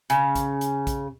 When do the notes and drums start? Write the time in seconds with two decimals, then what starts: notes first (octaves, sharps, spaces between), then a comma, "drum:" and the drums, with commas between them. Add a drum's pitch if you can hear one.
0.10 C#3, drum: hi-hat
0.35 drum: kick, hi-hat
0.61 drum: hi-hat
0.87 drum: kick, hi-hat